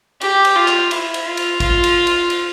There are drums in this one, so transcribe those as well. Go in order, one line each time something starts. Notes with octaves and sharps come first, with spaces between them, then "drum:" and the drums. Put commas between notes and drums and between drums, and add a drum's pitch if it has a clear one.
G4, drum: cymbal
drum: cymbal
F4
drum: clap
E4, drum: cymbal
drum: cymbal
F4
drum: cymbal
F4, drum: kick, cymbal
drum: cymbal
drum: cymbal
drum: cymbal